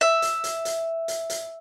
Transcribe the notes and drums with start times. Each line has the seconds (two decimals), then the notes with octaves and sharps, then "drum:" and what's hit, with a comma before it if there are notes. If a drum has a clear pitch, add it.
0.01 E5
0.22 drum: hi-hat
0.44 drum: hi-hat
0.65 drum: hi-hat
1.08 drum: hi-hat
1.30 drum: hi-hat